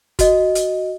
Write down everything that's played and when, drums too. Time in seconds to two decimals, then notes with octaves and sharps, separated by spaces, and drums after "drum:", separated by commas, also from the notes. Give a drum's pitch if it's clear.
0.19 F#4 D#5, drum: kick, hi-hat
0.55 drum: hi-hat